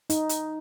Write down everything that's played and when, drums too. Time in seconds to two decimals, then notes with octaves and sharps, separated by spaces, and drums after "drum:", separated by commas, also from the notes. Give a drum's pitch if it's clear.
0.10 D#4, drum: hi-hat
0.29 drum: hi-hat